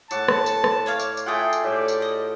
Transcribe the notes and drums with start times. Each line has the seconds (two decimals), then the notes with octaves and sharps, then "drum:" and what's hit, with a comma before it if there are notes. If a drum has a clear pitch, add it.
0.11 A2 F#5 A5 D6, drum: tambourine
0.28 drum: rim click
0.46 drum: tambourine
0.64 drum: rim click
0.86 C#5 D5 F5
0.99 drum: tambourine
1.17 drum: tambourine
1.26 A3 F4 G#4 D5 F#5 G5
1.53 drum: tambourine
1.63 A2 G4 D5 G5
1.88 drum: tambourine
2.02 D#5